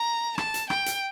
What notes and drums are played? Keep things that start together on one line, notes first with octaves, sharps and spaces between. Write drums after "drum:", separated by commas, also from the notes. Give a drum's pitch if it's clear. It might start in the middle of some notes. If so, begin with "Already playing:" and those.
Already playing: A#5
A5, drum: rim click
drum: hi-hat
G5, drum: rim click
drum: hi-hat